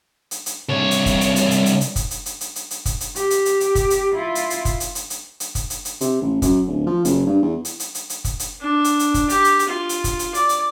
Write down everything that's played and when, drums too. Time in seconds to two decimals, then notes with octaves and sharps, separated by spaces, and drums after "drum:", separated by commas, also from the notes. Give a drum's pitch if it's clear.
0.31 drum: hi-hat
0.46 drum: hi-hat
0.69 C2 C#5
0.91 drum: hi-hat
1.06 drum: kick, hi-hat
1.21 drum: hi-hat
1.36 drum: hi-hat
1.51 drum: hi-hat
1.66 drum: hi-hat
1.81 drum: hi-hat
1.96 drum: kick, hi-hat
2.11 drum: hi-hat
2.26 drum: hi-hat
2.41 drum: hi-hat
2.56 drum: hi-hat
2.71 drum: hi-hat
2.86 drum: kick, hi-hat
3.01 drum: hi-hat
3.16 G4, drum: hi-hat
3.30 drum: hi-hat
3.45 drum: hi-hat
3.60 drum: hi-hat
3.75 drum: kick, hi-hat
3.90 drum: hi-hat
4.13 E4 F4
4.35 drum: hi-hat
4.50 drum: hi-hat
4.65 drum: kick, hi-hat
4.80 drum: hi-hat
4.95 drum: hi-hat
5.10 drum: hi-hat
5.40 drum: hi-hat
5.55 drum: kick, hi-hat
5.70 drum: hi-hat
5.85 drum: hi-hat
6.01 C3, drum: hi-hat
6.22 A1
6.42 F#2, drum: kick, hi-hat
6.67 D1
6.87 F3
7.05 F#1, drum: hi-hat
7.26 G2
7.42 E2
7.65 drum: hi-hat
7.80 drum: hi-hat
7.95 drum: hi-hat
8.10 drum: hi-hat
8.25 drum: kick, hi-hat
8.39 drum: hi-hat
8.61 D4
8.84 drum: hi-hat
8.99 drum: hi-hat
9.14 drum: kick, hi-hat
9.29 G4, drum: hi-hat
9.44 drum: hi-hat
9.59 drum: hi-hat
9.69 F4
9.89 drum: hi-hat
10.04 drum: kick, hi-hat
10.19 drum: hi-hat
10.34 D5, drum: hi-hat
10.49 drum: hi-hat